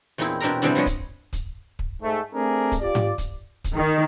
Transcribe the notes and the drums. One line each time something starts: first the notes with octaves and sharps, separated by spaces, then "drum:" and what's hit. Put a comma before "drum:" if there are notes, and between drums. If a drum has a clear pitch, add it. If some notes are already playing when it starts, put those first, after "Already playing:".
E2 A#2 C4 D#4 E4
B2 C4 D4 G4 A#4 A#5
C3 E3 G3 B3 C4 D4
E3 F3 G3 D4 C#5 D#5
drum: kick, hi-hat
drum: kick, hi-hat
drum: kick
G#2 A3
A3 C4 D4 G#4 A#4
drum: kick, hi-hat
F4 G4 D5
drum: tom G#2
drum: kick, hi-hat
drum: kick, hi-hat
D#3